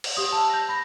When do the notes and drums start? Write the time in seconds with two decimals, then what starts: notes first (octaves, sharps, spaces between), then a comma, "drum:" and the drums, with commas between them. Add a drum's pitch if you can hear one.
0.04 drum: cymbal
0.17 G4 D#6
0.32 A5 E6
0.50 G6 A#6
0.69 B5 A#6